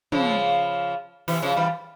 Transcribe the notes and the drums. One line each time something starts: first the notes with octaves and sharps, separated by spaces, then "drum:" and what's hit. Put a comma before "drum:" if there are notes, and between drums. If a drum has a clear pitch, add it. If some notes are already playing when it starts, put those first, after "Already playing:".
C#3 F3, drum: tom
C3 E3, drum: open hi-hat
C#3 F3
E3 G3